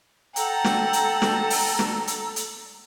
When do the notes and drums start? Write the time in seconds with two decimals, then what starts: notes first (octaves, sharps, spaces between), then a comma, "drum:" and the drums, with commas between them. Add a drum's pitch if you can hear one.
0.36 A4 F#5 G5 A#5, drum: hi-hat
0.64 drum: snare
0.93 drum: hi-hat
1.22 drum: snare
1.50 drum: open hi-hat
1.79 drum: snare
2.07 drum: hi-hat
2.36 drum: hi-hat